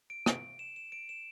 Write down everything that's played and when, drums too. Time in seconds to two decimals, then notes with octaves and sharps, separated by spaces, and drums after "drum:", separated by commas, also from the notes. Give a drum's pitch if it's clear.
0.10 D7
0.26 drum: rim click
0.59 E7
0.76 E7
0.92 D7
1.09 E7